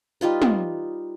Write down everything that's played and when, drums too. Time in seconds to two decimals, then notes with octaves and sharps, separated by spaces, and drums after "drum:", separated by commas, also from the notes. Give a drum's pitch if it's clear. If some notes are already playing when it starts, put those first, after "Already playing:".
0.21 G3 D#4 F4 B4
0.42 drum: tom